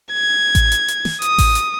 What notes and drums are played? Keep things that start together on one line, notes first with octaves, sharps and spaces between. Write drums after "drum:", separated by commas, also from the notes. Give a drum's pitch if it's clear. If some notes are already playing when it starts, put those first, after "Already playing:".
G#6
drum: kick A1, hi-hat
drum: hi-hat
drum: hi-hat
drum: snare
D#6, drum: hi-hat
drum: kick A1, open hi-hat
drum: hi-hat